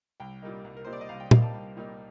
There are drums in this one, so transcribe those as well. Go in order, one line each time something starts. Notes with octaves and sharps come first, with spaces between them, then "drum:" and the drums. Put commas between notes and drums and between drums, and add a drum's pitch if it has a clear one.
C2 G5
A#2 G3 A#3 D#4
C2
A#4
A#2 G3 A#3 D#4 C5
D5
D#5
C2 F5
G5
A#2 G3 A#3 D#4 F5, drum: tom A#2
A5
C2
A#2 G3 A#3 D#4